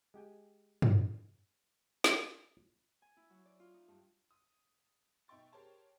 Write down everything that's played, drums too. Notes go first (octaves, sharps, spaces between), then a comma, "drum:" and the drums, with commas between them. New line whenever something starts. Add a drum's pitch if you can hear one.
G#3 G4 G5 G#5
drum: tom
drum: snare
G#5
E4
F#3
D5
F4
D#4
G2
D#6
B2 D#4 E5 G5 C#6 A6
G4 G#4 A#4 C5 C#5 A5